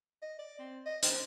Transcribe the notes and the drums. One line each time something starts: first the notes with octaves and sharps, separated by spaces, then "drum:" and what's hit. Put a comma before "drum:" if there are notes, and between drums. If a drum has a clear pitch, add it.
D#5
D5
C4
D#5
C5, drum: hi-hat